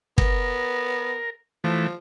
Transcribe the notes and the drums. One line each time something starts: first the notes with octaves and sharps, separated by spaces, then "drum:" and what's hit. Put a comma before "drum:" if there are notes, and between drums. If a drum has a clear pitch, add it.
B3 A#4, drum: kick
E3 F3 A3